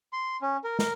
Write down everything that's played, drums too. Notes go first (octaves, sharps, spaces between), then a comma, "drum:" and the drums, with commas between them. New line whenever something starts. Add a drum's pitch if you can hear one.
C6
C#4
A#4
A#4, drum: snare